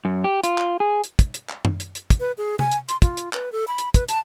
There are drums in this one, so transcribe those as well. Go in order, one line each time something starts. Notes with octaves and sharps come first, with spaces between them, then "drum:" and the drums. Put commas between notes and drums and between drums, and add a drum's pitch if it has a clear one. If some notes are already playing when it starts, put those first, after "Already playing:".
F#2
G4
F4, drum: hi-hat
drum: clap
G#4
drum: hi-hat
drum: kick, hi-hat
drum: hi-hat
drum: clap
drum: tom F#2
drum: hi-hat
drum: hi-hat
drum: kick, hi-hat
B4
G#4
G#5, drum: tom C3
drum: hi-hat
C6, drum: hi-hat
F4, drum: kick, hi-hat
drum: hi-hat
B4, drum: clap
A4
B5
drum: hi-hat
B4, drum: kick, hi-hat
A5, drum: hi-hat